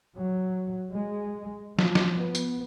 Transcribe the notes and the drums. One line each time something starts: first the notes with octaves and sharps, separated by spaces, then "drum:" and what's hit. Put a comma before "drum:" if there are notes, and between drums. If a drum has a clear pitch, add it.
F#3
G#3
F3, drum: snare
drum: snare
B3
drum: tambourine